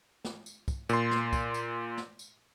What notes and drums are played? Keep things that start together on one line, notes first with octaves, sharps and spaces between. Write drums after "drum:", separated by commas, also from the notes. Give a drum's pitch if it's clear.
drum: snare
drum: tambourine
drum: kick, tambourine
A#2 C6, drum: tambourine
drum: snare
drum: kick, tambourine
drum: tambourine
drum: snare
drum: tambourine